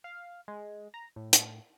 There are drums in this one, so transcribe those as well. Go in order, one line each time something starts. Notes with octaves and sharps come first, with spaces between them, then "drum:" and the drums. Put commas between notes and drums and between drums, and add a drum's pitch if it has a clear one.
F5
G#3
A#5
A2
drum: hi-hat